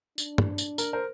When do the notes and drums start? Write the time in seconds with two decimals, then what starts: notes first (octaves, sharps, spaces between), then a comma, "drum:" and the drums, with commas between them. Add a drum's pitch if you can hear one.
0.18 D4, drum: tambourine
0.38 drum: tom
0.58 drum: tambourine
0.78 A#4, drum: tambourine
0.93 A#4 C5